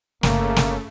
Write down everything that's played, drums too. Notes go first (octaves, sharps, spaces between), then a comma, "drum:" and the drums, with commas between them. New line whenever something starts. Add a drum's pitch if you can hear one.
G1 C#3 A3 A#3, drum: snare
drum: snare